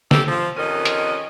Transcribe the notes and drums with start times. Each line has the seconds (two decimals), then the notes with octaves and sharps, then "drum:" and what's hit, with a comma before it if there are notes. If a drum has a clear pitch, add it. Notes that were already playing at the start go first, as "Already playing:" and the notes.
0.11 G4 A4, drum: snare
0.28 F3
0.57 F2 C3 D#3 C#4 A#4 D#5
0.85 drum: hi-hat